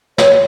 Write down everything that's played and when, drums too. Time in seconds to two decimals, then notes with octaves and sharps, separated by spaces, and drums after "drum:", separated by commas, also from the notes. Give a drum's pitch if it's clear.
0.18 C#5, drum: snare